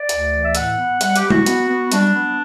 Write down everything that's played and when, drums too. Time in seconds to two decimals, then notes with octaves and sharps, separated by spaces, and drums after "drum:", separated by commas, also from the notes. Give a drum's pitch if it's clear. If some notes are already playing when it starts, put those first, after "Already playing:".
Already playing: D5
0.09 D2, drum: hi-hat
0.33 E3
0.43 E5
0.55 A2 F#5, drum: hi-hat
0.77 B3
1.01 G3 F#5, drum: hi-hat
1.16 G4, drum: hi-hat
1.24 B3
1.30 F#4, drum: tom
1.46 B3, drum: hi-hat
1.68 B3
1.92 G3 D4, drum: hi-hat
2.14 B3